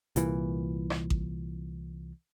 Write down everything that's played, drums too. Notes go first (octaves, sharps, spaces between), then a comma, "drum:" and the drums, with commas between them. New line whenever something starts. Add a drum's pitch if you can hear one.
C2 A#2 E3, drum: hi-hat
drum: rim click
drum: kick A1